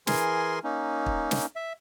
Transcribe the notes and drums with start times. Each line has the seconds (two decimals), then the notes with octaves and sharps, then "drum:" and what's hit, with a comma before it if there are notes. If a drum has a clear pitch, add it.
0.07 E3 G#4 A#4 G#5 C6, drum: snare
0.64 A#3 C#4 D#4
1.06 drum: kick
1.31 drum: snare
1.56 E5